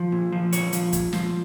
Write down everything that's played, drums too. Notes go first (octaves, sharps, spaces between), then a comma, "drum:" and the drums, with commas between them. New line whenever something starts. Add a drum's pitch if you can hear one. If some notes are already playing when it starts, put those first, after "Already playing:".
Already playing: F3
A#2
F3
A#2 C#5, drum: hi-hat
F3, drum: hi-hat
A#2, drum: kick, hi-hat
F3, drum: snare